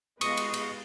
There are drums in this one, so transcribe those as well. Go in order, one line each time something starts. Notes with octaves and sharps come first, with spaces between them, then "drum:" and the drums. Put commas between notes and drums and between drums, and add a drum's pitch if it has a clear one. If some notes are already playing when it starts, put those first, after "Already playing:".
G#3 B3 B4 D#5 F5 C#6 D#6 C#7, drum: cymbal
drum: cymbal
drum: cymbal